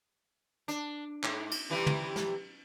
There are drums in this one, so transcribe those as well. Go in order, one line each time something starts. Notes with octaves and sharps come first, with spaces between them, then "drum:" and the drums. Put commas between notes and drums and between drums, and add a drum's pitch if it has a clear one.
D4, drum: hi-hat
G#2, drum: clap
drum: cymbal
C3 E3 G3
drum: tom
drum: snare